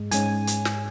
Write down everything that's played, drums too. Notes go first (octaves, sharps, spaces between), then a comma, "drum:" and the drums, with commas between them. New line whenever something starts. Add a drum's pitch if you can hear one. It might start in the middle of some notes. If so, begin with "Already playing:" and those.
Already playing: G#2 G#3
G#2 G#3 C#4 G#5, drum: hi-hat
drum: hi-hat
drum: snare